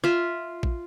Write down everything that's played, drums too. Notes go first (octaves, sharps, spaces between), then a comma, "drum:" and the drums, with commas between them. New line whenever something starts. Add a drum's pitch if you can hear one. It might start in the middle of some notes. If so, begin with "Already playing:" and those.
F4 E5, drum: rim click
drum: kick A#1